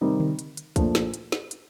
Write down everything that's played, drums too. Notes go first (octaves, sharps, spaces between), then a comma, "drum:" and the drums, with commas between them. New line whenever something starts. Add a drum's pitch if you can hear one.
C3 D#3 G3 C4 D#4
drum: tom D3
drum: hi-hat
drum: hi-hat
A#2 F3 A3 D4, drum: kick, hi-hat
drum: snare
drum: hi-hat
drum: snare
drum: hi-hat